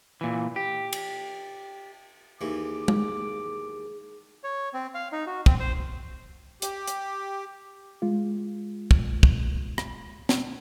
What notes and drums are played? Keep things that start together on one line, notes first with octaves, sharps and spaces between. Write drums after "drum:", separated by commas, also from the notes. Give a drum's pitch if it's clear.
A#2 E3
G4
drum: cymbal
D#2 E3 G#4 D6
drum: tom G#3
C#5
C4
F5
D#4
F#4
C4, drum: kick
C5
G4, drum: hi-hat
drum: hi-hat
G#3 F4
drum: kick
drum: kick
drum: rim click
drum: snare